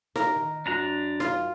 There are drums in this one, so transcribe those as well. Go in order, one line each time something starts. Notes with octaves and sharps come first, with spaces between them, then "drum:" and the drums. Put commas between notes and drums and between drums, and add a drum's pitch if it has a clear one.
G4 A#4 F5, drum: snare D#4
D#3
F#2 D4 F#4 A#5 F#6
F4, drum: snare D#4